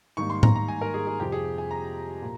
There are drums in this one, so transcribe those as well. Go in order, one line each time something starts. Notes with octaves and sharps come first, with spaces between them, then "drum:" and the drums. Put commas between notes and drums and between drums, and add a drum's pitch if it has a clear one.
G#2 D#3 G3 A#3 C#6
C6
A#5, drum: tom A2
A#5
G#5
A#4
G#4
G#4
F2 C3 F3 G4
G#4
G#5
A#5
A#2